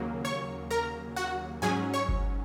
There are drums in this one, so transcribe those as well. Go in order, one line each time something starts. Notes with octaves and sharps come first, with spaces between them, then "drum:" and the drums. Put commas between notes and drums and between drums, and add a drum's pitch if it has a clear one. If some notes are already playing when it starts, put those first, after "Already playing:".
Already playing: D#2 C#3 F#3 A#3
C#5 C#6
A#4 A#5
F#4 F#5
G#2 F#3 C#4 G#4 G#5
C#5 C#6
drum: kick G1